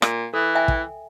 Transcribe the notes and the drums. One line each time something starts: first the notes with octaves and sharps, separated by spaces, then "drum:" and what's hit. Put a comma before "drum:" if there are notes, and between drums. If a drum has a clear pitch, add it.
A#2, drum: rim click
E3 A4
E5 G5 G#5
drum: kick